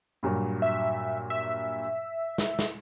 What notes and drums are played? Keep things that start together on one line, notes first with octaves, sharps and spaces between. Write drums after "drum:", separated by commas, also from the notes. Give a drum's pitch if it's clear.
G2 A#2 F#3
E5
E5
drum: snare
drum: snare